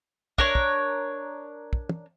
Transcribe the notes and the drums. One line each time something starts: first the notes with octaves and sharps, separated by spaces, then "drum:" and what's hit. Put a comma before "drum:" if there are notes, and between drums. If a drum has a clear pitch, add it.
D4 A#4 C#5, drum: kick
drum: kick
drum: kick
drum: tom